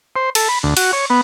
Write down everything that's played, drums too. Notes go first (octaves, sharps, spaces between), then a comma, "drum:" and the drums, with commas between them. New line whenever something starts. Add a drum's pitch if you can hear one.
C5
A4, drum: cymbal
B5
D2
F#4, drum: cymbal
C#5
B3